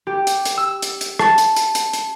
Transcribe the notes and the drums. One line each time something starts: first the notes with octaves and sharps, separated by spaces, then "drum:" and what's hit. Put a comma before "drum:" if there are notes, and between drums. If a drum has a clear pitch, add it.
G4
drum: hi-hat
drum: hi-hat
E6
drum: hi-hat
drum: hi-hat
A5, drum: rim click
drum: hi-hat
drum: hi-hat
drum: hi-hat
drum: hi-hat